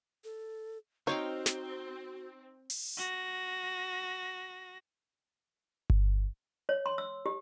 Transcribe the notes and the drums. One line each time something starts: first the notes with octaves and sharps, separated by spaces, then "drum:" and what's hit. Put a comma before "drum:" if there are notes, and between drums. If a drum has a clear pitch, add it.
A4
C4 D#4 F#4 C5 C#5 F5 G5
drum: snare
drum: open hi-hat
F#4 A#6
drum: kick G1
C#5
C6
E6
G4